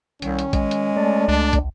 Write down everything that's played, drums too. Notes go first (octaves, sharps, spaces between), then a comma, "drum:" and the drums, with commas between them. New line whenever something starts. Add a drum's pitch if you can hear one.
C2 D#3 C#4, drum: hi-hat
drum: hi-hat
G#3, drum: kick, hi-hat
drum: hi-hat
A3 D5 A5
C#2 D4
drum: kick, hi-hat